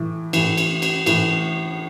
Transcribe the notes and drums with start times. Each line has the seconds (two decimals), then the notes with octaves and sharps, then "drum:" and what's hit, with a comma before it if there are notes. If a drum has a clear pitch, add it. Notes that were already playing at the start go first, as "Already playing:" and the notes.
Already playing: A2 E3
0.33 A2 E3, drum: cymbal
0.57 drum: cymbal
0.82 drum: cymbal
1.06 A2 E3, drum: cymbal